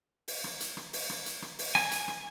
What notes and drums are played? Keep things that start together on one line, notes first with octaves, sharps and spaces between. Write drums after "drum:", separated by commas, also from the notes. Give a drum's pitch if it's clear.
drum: open hi-hat
drum: rim click
drum: hi-hat
drum: rim click
drum: open hi-hat
drum: rim click
drum: hi-hat
drum: rim click
drum: open hi-hat
G#5, drum: rim click
drum: hi-hat
drum: rim click